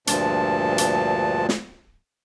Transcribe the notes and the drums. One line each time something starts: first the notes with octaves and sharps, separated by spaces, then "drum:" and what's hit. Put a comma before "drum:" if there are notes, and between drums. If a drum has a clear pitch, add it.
D2 G2 A#2 F3 A5, drum: hi-hat
drum: hi-hat
drum: snare